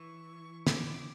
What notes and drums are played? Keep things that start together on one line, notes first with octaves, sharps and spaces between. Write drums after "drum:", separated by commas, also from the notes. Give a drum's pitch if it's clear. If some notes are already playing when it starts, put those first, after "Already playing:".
Already playing: E3 C#6
D6, drum: snare